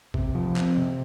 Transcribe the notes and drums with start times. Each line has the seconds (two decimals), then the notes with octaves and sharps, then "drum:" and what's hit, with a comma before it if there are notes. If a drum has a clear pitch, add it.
0.14 C3, drum: kick
0.35 F3
0.56 C4, drum: clap
0.77 C3